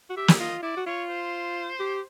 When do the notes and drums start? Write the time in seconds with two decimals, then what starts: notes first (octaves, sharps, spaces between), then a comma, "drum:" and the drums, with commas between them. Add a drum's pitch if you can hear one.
0.10 F#4
0.16 G4 E5
0.28 drum: snare
0.39 F4 D#5
0.62 E4 D5
0.77 F#4
0.86 F4 C#5
1.09 C5
1.80 G4